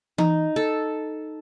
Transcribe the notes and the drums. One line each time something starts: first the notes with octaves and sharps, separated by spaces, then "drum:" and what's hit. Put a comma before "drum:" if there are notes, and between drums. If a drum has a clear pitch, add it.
D#4, drum: tom E3
A4